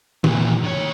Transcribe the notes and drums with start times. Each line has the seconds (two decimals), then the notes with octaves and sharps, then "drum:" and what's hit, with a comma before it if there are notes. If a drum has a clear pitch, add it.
0.24 A#2 E3, drum: tom
0.64 D#3 C#5